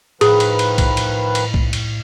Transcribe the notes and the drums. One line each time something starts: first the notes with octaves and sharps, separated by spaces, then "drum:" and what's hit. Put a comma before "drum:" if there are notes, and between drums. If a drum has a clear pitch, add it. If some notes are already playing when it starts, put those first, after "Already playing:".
A2 D#3 F3 G#4 B4, drum: cymbal
drum: cymbal
drum: cymbal
drum: kick B1, cymbal
drum: cymbal
drum: cymbal
drum: kick B1
drum: cymbal